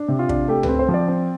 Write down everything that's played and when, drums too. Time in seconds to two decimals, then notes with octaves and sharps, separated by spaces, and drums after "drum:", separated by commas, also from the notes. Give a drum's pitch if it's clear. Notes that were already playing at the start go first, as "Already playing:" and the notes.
Already playing: D4
0.08 C3
0.19 F4
0.29 D4, drum: kick
0.48 A3 G4
0.63 B4, drum: tom C#2
0.68 C4
0.79 C5
0.88 F3
0.94 D5
1.08 C4